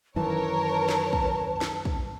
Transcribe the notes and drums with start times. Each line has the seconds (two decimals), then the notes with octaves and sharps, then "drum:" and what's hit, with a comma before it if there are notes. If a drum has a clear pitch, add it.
0.16 F#2 D#3 E3 A#4 B4 C#5 A5
0.89 drum: snare
1.13 drum: kick
1.61 drum: snare
1.85 drum: kick